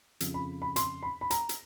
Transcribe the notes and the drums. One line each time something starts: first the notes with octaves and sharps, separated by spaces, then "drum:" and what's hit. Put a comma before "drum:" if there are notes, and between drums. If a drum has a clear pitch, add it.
F2 C#3 F3, drum: hi-hat
B5
B5
C6, drum: hi-hat
B5
B5
A#5, drum: hi-hat
drum: hi-hat